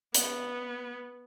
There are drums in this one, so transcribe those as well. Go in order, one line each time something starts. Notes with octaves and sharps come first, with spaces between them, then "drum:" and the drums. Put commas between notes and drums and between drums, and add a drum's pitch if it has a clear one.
B3, drum: hi-hat